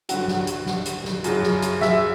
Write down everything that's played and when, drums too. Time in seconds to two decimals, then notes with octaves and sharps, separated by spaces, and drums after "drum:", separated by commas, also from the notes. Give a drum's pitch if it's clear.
0.09 G2 D3 F#3 F#5, drum: hi-hat
0.28 drum: snare
0.47 drum: hi-hat
0.66 drum: snare
0.85 drum: hi-hat
1.05 drum: snare
1.24 F#2 C#3 F#3, drum: hi-hat
1.43 drum: snare
1.62 drum: hi-hat
1.81 E5, drum: snare